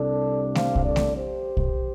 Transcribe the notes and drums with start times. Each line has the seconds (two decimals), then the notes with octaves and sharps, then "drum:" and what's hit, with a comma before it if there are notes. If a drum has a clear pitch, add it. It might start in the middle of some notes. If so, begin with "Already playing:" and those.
Already playing: C2 C3 G3 D4 A4 D5
0.55 C5 F5, drum: snare A3
0.75 drum: kick
0.86 A4 D5
0.96 drum: snare A3
1.17 G4 C5
1.57 drum: kick